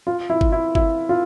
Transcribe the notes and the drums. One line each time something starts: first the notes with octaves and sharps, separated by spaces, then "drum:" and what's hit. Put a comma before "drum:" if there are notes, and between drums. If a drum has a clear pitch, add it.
F4
E4
drum: kick G1
E4
E4, drum: kick G1
F4